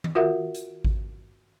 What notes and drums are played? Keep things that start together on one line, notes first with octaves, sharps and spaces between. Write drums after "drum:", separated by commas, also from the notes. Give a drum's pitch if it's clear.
drum: tom D#3
F4 F#4 A#4 E5 F#5
drum: hi-hat
drum: kick G#1